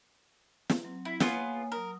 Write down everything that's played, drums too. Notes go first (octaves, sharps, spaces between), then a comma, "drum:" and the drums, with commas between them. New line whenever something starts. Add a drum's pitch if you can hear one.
drum: snare
F#3 C4
E4
A#3 B3 F4 G#4 C#5 G#5, drum: snare
F#3 A#4 D#6